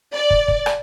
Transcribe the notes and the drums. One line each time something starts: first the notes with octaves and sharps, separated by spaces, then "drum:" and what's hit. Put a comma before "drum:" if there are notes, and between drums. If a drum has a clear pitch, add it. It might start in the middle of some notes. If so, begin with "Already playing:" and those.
D5
drum: kick
drum: kick
drum: rim click